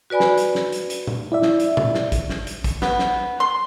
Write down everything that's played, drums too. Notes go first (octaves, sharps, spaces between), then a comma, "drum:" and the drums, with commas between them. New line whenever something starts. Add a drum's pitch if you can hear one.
F#4 B4 D5 G#5 B5
drum: snare
drum: hi-hat
drum: snare
drum: hi-hat
drum: hi-hat
drum: tom A#2
E4 D5 E5
drum: snare
drum: hi-hat
drum: tom A#2
drum: snare
drum: kick, hi-hat
drum: snare
drum: hi-hat
drum: kick, hi-hat
B3, drum: snare
drum: snare
C6